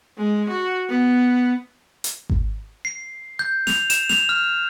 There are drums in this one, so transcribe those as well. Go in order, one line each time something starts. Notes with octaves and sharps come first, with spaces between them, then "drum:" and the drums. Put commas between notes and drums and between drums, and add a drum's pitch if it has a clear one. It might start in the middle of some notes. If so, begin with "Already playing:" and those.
G#3
F#4
B3
drum: hi-hat
drum: kick G#1
C7
G6
F7, drum: snare
E7, drum: hi-hat
F7, drum: snare
F6